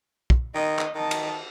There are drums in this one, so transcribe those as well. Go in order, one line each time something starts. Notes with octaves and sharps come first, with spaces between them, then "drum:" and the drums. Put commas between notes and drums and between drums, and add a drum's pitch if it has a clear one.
drum: kick
D#3 D#5
drum: clap
D#3 D#5 A5
drum: cymbal